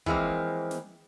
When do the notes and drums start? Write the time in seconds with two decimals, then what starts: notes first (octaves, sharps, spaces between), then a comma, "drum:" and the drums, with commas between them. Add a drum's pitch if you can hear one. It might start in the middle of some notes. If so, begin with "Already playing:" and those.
0.06 E3 F3 G#3 A#3 C4, drum: kick
0.71 drum: snare